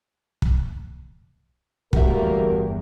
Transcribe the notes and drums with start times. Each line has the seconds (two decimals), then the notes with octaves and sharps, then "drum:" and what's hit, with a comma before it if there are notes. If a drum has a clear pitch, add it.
0.42 drum: kick
1.93 G1 E2 A3 A#3 F#4 G4 A#4 E5, drum: kick